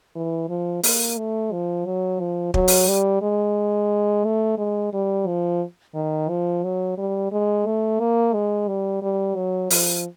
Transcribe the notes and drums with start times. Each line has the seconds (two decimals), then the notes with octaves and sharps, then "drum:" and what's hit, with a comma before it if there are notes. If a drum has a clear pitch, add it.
0.16 E3
0.49 F3
0.83 A#3, drum: open hi-hat
1.17 A3
1.52 F3
1.86 F#3
2.20 F3
2.54 F#3, drum: kick
2.68 drum: open hi-hat
2.88 G3
3.22 G#3
4.25 A3
4.58 G#3
4.93 G3
5.27 F3
5.94 D#3
6.29 F3
6.64 F#3
6.98 G3
7.32 G#3
7.66 A3
8.00 A#3
8.34 G#3
8.68 G3
9.02 G3
9.36 F#3
9.70 F3, drum: open hi-hat